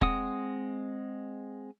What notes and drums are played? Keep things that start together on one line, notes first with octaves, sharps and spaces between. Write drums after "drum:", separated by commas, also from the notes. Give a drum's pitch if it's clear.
G#3 C4 F#5 D#6, drum: kick